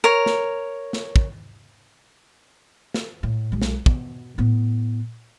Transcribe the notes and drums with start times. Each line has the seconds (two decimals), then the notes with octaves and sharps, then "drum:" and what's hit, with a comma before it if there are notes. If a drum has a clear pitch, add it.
0.04 A#4 C#5
0.26 drum: snare
0.93 drum: snare
1.16 drum: kick
2.94 drum: snare
3.23 A2
3.52 B1 G#3
3.62 drum: snare
3.86 B2, drum: kick
4.38 A2 B3